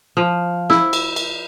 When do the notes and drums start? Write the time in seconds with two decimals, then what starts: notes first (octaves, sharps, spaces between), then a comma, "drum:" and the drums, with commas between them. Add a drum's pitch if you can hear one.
0.17 F3
0.70 E4, drum: snare
0.93 drum: cymbal
1.16 drum: cymbal